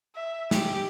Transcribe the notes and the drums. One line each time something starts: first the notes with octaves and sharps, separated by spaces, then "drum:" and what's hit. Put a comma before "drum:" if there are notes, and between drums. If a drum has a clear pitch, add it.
E5
G4, drum: snare